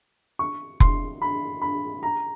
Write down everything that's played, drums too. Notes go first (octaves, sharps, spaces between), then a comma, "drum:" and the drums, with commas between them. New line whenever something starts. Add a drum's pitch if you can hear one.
C#6
C6, drum: kick F1
B5
B5
A#5